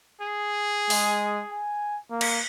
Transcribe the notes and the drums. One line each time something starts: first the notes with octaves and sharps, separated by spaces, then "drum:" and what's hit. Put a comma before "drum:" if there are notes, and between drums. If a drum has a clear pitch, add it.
G#4
G#3, drum: open hi-hat
G#5
A#3
drum: cymbal